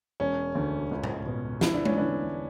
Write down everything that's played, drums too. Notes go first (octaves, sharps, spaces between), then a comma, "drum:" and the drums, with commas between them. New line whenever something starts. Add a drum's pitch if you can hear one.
E1 C#4
D2 D3
C#2
drum: tom A2
B2
E1 E4, drum: snare
D4
C#4, drum: tom G#3
E2 D3 D4